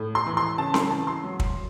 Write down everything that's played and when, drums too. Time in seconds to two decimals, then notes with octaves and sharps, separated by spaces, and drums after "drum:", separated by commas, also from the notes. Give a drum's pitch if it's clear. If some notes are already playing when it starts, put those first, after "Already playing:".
Already playing: A2
0.15 C6
0.26 E3
0.37 C6
0.58 C#3 A5
0.74 C6, drum: snare C4
0.90 E3 A5
1.07 C6
1.24 F#3
1.40 drum: kick